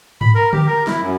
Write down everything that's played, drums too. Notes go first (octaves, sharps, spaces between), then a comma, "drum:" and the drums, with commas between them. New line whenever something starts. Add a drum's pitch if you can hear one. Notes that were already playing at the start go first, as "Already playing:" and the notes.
B5, drum: tom G#2
A#4
G4, drum: tom D3
A#4
E4, drum: snare
F#2